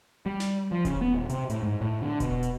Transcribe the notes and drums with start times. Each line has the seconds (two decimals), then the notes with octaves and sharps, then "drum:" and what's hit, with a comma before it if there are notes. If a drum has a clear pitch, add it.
0.26 G3
0.40 drum: snare
0.71 F3
0.85 C#3, drum: kick E1, hi-hat
1.01 B3
1.14 D#1
1.29 C3, drum: hi-hat
1.50 A2, drum: hi-hat
1.63 G#2
1.81 A2
2.01 D3
2.20 B2, drum: kick E1, hi-hat
2.43 drum: hi-hat